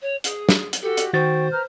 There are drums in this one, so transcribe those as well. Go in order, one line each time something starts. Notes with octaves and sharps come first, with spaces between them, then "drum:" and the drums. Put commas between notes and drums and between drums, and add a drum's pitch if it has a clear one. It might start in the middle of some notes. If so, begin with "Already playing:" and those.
C#5
G#4, drum: hi-hat
drum: snare
drum: hi-hat
F#4 G4 A4
drum: hi-hat
D#3 F#4 C5 G5 C#6 A6
B4 A#5 F6